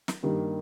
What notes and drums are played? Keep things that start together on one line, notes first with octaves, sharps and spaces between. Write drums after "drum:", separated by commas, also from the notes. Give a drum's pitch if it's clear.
drum: snare
G2 D#3 G3 A#3